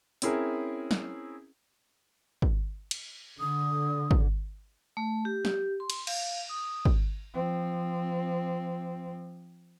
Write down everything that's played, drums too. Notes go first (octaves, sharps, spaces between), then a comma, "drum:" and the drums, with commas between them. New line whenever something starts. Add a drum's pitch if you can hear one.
C4 C#4 E4 G#4 A#4, drum: hi-hat
drum: snare
drum: kick
drum: cymbal
D3 D#6
drum: kick
A3
G4
G4, drum: snare
C6
drum: cymbal
F5, drum: cymbal
D#6
drum: kick
F3 C4